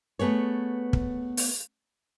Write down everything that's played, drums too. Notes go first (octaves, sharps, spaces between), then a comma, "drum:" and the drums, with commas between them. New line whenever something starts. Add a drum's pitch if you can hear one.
A3 B3 G#4 C#5
drum: kick
drum: open hi-hat